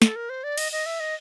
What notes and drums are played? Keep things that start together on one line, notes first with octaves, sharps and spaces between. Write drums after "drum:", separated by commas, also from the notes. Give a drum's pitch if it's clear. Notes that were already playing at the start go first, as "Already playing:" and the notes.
A4, drum: snare
A#4
C5
D5
D#5, drum: cymbal
D#5
E5
D#5